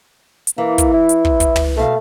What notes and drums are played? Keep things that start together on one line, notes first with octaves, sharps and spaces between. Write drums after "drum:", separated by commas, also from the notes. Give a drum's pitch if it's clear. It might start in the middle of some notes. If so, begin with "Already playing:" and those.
drum: hi-hat
E3 A#3
drum: kick, hi-hat
E4
drum: hi-hat
drum: kick
drum: kick, hi-hat
drum: tom
B2 A3 F5